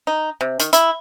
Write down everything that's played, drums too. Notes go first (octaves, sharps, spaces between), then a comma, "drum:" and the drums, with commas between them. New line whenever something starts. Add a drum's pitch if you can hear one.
D#4
C3
D#3, drum: hi-hat
E4, drum: hi-hat